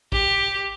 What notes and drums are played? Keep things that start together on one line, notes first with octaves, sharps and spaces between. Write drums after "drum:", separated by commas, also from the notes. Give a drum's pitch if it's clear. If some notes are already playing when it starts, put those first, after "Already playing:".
G4, drum: kick